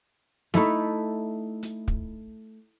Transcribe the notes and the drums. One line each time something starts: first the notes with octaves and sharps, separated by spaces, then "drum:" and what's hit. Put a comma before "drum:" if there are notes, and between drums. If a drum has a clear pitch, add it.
A3 D#4 E4 A4, drum: snare
drum: hi-hat
drum: kick